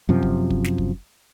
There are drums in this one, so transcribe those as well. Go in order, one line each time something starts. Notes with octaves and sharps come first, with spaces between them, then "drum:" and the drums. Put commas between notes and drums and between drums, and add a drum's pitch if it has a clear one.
F#2 C3 F3
drum: kick
drum: kick
drum: snare
drum: kick